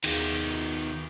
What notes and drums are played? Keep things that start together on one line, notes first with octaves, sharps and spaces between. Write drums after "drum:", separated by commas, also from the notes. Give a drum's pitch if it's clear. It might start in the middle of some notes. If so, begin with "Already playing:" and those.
D#2 D#3 B3 G#4 F5, drum: cymbal